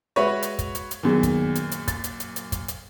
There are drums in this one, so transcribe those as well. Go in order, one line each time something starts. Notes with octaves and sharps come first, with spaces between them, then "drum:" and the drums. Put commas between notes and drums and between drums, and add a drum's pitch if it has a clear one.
G#3 F#4 B4 C#5 E5
drum: hi-hat
drum: kick, hi-hat
drum: hi-hat
drum: hi-hat
F#2 A#2 D#3 B3 G#4
drum: kick, hi-hat
drum: hi-hat
drum: hi-hat
A6, drum: kick, hi-hat
drum: hi-hat
drum: hi-hat
drum: hi-hat
drum: kick, hi-hat
drum: hi-hat